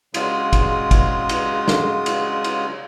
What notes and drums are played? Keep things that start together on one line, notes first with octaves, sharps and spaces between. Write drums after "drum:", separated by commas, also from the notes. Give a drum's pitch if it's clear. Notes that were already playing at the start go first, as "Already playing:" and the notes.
C#3 F#3 G#3 F4 D#6, drum: cymbal
drum: kick, cymbal
drum: kick, cymbal
drum: cymbal
drum: snare
drum: cymbal
drum: cymbal